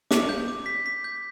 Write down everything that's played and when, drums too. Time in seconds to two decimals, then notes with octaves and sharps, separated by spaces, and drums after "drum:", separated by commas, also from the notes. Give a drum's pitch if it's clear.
0.11 D6, drum: snare
0.29 G6
0.48 D6
0.66 B6
0.86 B6
1.04 G6